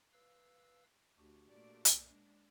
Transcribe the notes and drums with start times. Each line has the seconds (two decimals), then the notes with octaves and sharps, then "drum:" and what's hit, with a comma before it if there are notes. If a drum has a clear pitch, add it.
0.13 B4 F5 E6
1.18 D2 D4 F#4 G4
1.47 A#2 A3 D5
1.85 drum: hi-hat
2.08 G#3 D4